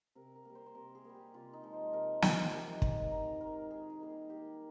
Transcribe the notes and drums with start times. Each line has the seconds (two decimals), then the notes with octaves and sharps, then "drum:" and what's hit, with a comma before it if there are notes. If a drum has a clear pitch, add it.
0.15 C3 A#4
0.35 A#4
0.45 G3 A#3
0.55 C5
0.66 C5
0.75 C3 A#4
0.95 G#4
1.04 G3 A#3
1.15 G4
1.34 C3 F4
1.53 D#4
1.64 F3 G#3
1.73 C5
1.93 C3 A#4
2.22 F3 G#3 G#4, drum: snare
2.52 D#3 G4
2.72 G#4
2.82 G#3, drum: kick
2.91 A#4
3.11 D#3 A#4
3.41 G#3 A#4
3.70 D#3 G#4
3.90 A#4
4.00 G3 A#3
4.10 G#4
4.29 D#3 G4